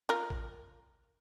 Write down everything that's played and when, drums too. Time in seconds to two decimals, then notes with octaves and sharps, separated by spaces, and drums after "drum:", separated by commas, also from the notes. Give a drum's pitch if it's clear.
0.09 F4 A#4
0.30 drum: kick A1